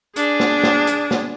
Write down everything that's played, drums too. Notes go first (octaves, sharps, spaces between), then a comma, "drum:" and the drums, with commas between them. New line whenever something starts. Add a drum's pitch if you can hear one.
D4 G#4, drum: hi-hat
drum: snare
drum: snare
drum: hi-hat
drum: snare